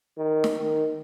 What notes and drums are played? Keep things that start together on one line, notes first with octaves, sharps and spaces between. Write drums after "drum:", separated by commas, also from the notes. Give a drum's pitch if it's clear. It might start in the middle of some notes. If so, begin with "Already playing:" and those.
D#3
drum: snare
D#3